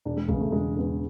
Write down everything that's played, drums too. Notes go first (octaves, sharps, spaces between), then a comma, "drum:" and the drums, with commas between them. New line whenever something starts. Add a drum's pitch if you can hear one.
E1 D4
G#3
E2 C#3 G#3, drum: kick
A3
E1 G#3
E2 C#3 G#3